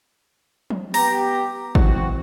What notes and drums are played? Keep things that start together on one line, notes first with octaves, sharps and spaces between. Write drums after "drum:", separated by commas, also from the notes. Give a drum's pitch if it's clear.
drum: tom F3
B3 G4 A#5, drum: open hi-hat
E3 C4 F#4, drum: kick